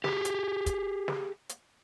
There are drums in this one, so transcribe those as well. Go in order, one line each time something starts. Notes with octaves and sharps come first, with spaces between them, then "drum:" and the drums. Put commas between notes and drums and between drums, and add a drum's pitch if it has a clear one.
G4 G#4, drum: snare
drum: hi-hat
drum: kick, hi-hat
drum: snare
drum: hi-hat